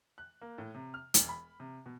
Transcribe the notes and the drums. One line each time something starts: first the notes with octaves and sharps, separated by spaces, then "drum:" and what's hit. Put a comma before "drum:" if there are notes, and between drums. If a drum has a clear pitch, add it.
F#6
A#3
A2
C3
F6
E1, drum: hi-hat
B5
C3
B2